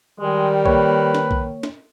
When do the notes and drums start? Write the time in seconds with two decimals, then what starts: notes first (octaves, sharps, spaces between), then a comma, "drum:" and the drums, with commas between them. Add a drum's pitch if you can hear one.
0.20 D#3 G3 G#3
0.66 A#3 B4 C#5, drum: kick B1
1.14 drum: snare
1.31 drum: kick B1
1.63 drum: snare